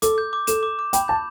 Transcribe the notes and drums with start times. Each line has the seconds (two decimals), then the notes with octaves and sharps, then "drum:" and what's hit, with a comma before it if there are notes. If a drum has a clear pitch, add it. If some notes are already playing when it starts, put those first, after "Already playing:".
0.02 A4 D6, drum: hi-hat
0.18 G6
0.33 D6
0.47 A4 E7, drum: hi-hat
0.63 D6
0.79 D6
0.93 G5 B5, drum: hi-hat
1.08 A5 G6